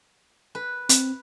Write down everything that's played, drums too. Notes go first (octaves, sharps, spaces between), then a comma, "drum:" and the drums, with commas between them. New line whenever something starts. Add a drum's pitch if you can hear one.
B4
C4, drum: hi-hat